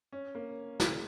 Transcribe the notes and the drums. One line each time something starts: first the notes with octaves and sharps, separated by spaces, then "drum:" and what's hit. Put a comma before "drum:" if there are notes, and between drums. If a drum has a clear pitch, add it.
C#4
A#3
G#3, drum: snare